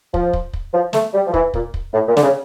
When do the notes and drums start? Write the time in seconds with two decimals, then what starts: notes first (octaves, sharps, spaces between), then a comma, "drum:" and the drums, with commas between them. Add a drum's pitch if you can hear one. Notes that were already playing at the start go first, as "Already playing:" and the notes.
0.14 F3, drum: kick
0.33 drum: kick
0.53 drum: kick
0.74 F3
0.93 A3, drum: snare
1.14 G3
1.27 F3
1.34 E3, drum: kick
1.54 A#2, drum: kick
1.74 drum: kick
1.94 A2
2.08 A#2
2.17 D3, drum: snare
2.23 C#3